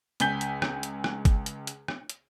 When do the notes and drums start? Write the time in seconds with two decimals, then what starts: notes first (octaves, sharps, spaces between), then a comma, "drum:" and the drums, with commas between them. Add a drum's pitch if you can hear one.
0.20 C#2 G#5 G6 B6 G7, drum: hi-hat
0.41 drum: hi-hat
0.62 drum: rim click
0.83 drum: hi-hat
1.04 drum: rim click
1.25 drum: kick, hi-hat
1.46 drum: hi-hat
1.67 drum: hi-hat
1.88 drum: rim click
2.09 drum: hi-hat